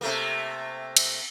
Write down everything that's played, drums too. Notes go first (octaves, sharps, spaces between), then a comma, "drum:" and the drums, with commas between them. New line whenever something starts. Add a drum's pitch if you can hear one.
C3 A3 A#3
drum: cymbal